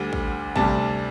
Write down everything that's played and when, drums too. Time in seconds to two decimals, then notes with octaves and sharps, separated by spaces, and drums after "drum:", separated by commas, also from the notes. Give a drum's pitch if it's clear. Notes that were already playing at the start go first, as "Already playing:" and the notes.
Already playing: D2 D3 G3
0.13 drum: kick
0.56 D2 C3 G3 D4 A5, drum: kick